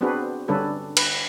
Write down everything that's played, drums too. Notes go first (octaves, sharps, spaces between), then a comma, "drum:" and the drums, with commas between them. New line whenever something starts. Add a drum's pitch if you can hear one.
B3 C4 D4 F#4 G#4 B4
D3 G3 C#4 D4 A4 B4
B4, drum: cymbal